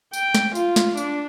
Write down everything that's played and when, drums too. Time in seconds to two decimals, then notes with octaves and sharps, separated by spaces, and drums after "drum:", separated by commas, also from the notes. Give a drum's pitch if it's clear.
0.13 G5, drum: tambourine
0.35 drum: snare
0.55 F4, drum: tambourine
0.76 drum: snare
0.97 D4, drum: tambourine